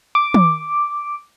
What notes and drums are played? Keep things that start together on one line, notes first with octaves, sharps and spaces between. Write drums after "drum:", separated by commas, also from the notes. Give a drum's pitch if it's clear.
D6
drum: tom